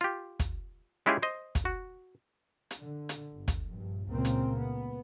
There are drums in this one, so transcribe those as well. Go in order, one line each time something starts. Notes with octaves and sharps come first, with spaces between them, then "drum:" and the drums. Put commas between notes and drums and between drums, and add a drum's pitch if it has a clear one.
F4 G4
drum: kick, hi-hat
G#3 C#4 E4 F4 G4 G#4
C5 D#5
drum: kick, hi-hat
F#4
drum: hi-hat
D3
drum: hi-hat
G1
drum: kick, hi-hat
A#1 G2
C#2 A#2 C#3 A#3 C4
drum: hi-hat
B3